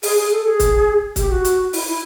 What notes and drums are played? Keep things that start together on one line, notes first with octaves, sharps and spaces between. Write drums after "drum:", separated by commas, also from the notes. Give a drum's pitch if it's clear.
G#4, drum: open hi-hat
G#4
A4
G#4
drum: kick C#1, hi-hat
G4, drum: kick C#1, hi-hat
F#4
drum: hi-hat
E4, drum: open hi-hat
E4